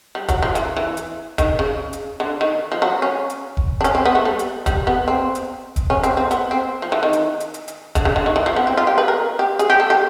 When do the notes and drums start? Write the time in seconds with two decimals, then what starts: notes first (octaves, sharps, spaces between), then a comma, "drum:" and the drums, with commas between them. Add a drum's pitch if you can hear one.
0.15 G3
0.29 F#3, drum: kick F1, hi-hat
0.42 F3
0.55 E3, drum: hi-hat
0.77 E3
0.97 drum: hi-hat
1.38 D#3, drum: kick F1, hi-hat
1.59 C#3
1.93 drum: hi-hat
2.20 D3
2.41 D#3
2.72 F3
2.82 F#3
3.02 C#4
3.30 drum: hi-hat
3.57 drum: kick F1
3.81 D4
3.84 C#4, drum: hi-hat
3.95 C4
4.05 B3
4.15 A3
4.25 G3
4.39 drum: hi-hat
4.66 G3, drum: kick F1, hi-hat
4.87 B3
5.08 C4
5.35 drum: hi-hat
5.76 drum: kick F1, hi-hat
5.90 C#4
6.03 C4, drum: hi-hat
6.17 C4
6.31 B3, drum: hi-hat
6.51 C4
6.82 F3
6.92 E3
7.03 D#3
7.13 drum: hi-hat
7.40 drum: hi-hat
7.54 drum: hi-hat
7.68 drum: hi-hat
7.95 D3, drum: kick F1, hi-hat
8.05 C#3
8.16 D3
8.26 D#3
8.36 E3
8.46 F3
8.56 B3
8.67 C4
8.77 F4
8.87 G4
8.98 B4
9.08 A#4
9.39 G4
9.59 G#4, drum: hi-hat
9.70 G4
9.80 A4
9.90 G4